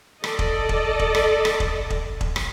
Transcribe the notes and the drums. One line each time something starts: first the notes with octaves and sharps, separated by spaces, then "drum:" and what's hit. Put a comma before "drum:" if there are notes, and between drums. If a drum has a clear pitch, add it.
A4 D5 D#5, drum: rim click
drum: kick E1
drum: kick E1
drum: kick E1
drum: rim click
drum: rim click
drum: kick E1
drum: kick E1
drum: kick E1
drum: rim click